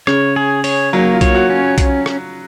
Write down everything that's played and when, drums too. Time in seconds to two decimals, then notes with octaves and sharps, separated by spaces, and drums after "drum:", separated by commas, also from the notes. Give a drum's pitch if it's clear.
0.07 C#3 C#5, drum: rim click
0.36 G#4
0.64 C#5, drum: open hi-hat
0.93 F#3 A#3
1.13 F4
1.21 C#5, drum: kick B1, hi-hat
1.35 F#4
1.50 C#4
1.78 drum: kick B1, hi-hat
2.06 drum: rim click